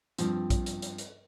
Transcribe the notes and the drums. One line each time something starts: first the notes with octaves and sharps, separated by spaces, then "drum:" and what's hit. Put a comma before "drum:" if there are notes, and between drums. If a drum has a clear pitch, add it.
G2 F3 C4, drum: hi-hat
drum: kick, hi-hat
drum: hi-hat
drum: hi-hat
drum: hi-hat